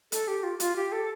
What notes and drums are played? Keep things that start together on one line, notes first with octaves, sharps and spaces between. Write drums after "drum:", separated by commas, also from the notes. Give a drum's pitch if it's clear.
A4, drum: hi-hat
G4
F4
F4, drum: hi-hat
G4
A4